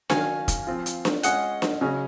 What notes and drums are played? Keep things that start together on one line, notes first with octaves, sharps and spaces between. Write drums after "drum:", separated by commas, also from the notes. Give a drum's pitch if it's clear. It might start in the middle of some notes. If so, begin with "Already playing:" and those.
D#3 F#3 C#4 F5 G#5, drum: snare D4
drum: kick, hi-hat
F3 C4 F4
drum: hi-hat
drum: snare D4
G#3 C#4 F4 G#4 D#5 F#5, drum: hi-hat
drum: snare D4
C#3 F#3 C#4